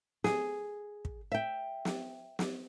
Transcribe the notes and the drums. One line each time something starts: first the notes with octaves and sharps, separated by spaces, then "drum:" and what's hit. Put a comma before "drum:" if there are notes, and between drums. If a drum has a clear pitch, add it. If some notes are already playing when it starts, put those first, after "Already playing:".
G#4, drum: snare
drum: kick
E5 G5
drum: snare
drum: snare